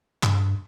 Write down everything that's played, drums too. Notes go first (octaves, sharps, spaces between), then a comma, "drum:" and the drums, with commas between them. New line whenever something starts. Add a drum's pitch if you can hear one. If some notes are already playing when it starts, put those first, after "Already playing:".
G2, drum: clap